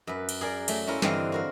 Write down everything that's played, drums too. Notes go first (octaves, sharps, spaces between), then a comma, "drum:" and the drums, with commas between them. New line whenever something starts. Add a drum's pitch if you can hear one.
F#2 B4
drum: cymbal
G#4 A#4 D5
F#3 A3, drum: cymbal
C#4 E4 F4 A#4
G2 D3 E3 C4 D#5 F5, drum: snare
F#4 A#4 F5